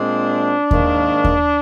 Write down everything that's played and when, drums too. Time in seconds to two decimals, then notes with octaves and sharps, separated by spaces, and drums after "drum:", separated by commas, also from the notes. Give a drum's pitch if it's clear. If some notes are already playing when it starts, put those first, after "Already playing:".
Already playing: A#2 G#3 C4 D4
0.71 G#2 D#3 A#3, drum: kick D#2
1.24 drum: kick D#2